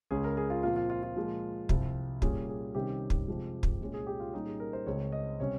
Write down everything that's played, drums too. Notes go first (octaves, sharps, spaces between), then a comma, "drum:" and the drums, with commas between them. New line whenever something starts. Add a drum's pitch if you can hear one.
C#2 C#3 G#3 C#4 G#4
A#4
G#4
F4
A#2 F3 C4 F4
F4
F4
F4
A#2 F3 G#3
C2 C3 F3, drum: kick
A#2 G3 C#4 G#4, drum: kick
G#4
C3 D#3 G3 C#4 G4
drum: kick
F2 C3 F3 G#3
drum: kick
C2 A#2 G#3 C#4
G#4
G4
F4
A#2 G3 C#4 D#4
G#4
A#4
C5
C#2 C#3 G#3 C4 C#5
D#5
C3 G3 C#4 C#5